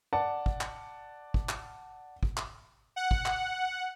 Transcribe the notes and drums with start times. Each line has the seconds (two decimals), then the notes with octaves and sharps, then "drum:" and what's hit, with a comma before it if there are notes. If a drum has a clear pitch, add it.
0.13 D5 F#5 A5
0.46 drum: kick
0.61 drum: clap
1.34 drum: kick
1.49 drum: clap
2.23 drum: kick
2.37 drum: clap
2.96 F#5
3.11 drum: kick
3.26 drum: clap